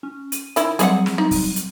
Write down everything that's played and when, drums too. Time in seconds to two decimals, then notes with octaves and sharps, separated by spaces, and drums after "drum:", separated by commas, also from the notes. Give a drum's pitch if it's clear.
0.03 C#4
0.32 D#7, drum: hi-hat
0.56 D#3 E4 B5 E6, drum: hi-hat
0.79 F#3 G3 C4 G#4 E5 F#5, drum: hi-hat
1.06 drum: snare
1.18 D#4
1.31 drum: kick, open hi-hat
1.56 drum: hi-hat